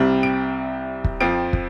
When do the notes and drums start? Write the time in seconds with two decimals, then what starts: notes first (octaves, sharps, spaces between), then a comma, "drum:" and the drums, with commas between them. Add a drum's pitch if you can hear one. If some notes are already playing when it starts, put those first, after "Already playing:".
Already playing: C2 C3 G3 C4
0.23 D7
1.04 drum: kick
1.21 F2 F3 C4 D7
1.53 drum: kick